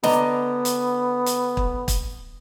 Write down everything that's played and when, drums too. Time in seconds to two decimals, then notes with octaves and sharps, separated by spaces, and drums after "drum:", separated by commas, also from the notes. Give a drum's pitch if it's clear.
0.03 D3 B3 D#5 A#5, drum: snare
0.65 drum: hi-hat
1.26 drum: hi-hat
1.57 drum: kick
1.88 drum: kick, hi-hat